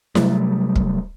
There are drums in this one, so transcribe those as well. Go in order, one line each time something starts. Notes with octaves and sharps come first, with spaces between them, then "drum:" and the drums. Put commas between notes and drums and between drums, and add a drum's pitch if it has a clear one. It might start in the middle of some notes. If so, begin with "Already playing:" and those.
C3 F#3 G3 A3, drum: snare E4
drum: kick